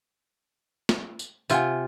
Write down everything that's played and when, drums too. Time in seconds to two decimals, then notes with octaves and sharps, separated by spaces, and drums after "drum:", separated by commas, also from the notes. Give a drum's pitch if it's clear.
0.89 drum: snare
1.19 drum: tambourine
1.50 C3 F4 E5 F#5 G#5, drum: tambourine